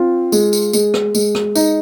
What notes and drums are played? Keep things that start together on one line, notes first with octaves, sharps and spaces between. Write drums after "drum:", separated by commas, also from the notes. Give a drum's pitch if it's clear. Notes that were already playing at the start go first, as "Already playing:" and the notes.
Already playing: C4 F4
G#3, drum: tambourine
drum: tambourine
G#3, drum: tambourine
drum: rim click
G#3, drum: tambourine
drum: rim click
D#4, drum: tambourine